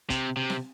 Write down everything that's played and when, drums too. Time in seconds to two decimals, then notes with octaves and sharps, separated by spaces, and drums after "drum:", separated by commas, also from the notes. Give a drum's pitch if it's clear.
0.10 C3, drum: kick, hi-hat
0.37 C3
0.50 drum: snare C4